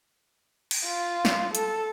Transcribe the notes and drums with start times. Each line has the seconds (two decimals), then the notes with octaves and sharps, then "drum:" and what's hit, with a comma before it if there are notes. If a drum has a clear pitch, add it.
0.71 drum: cymbal
0.86 F4
1.25 drum: snare
1.55 A4, drum: hi-hat